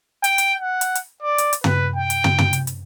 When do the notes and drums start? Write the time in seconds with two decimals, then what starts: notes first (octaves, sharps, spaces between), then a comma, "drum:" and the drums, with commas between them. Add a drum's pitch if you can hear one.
0.24 G5, drum: hi-hat
0.38 drum: hi-hat
0.61 F#5
0.81 drum: hi-hat
0.95 drum: hi-hat
1.23 D5
1.38 drum: hi-hat
1.53 drum: hi-hat
1.64 B4, drum: tom
1.96 G5
2.10 drum: hi-hat
2.24 drum: tom
2.39 drum: tom
2.53 drum: hi-hat
2.67 drum: hi-hat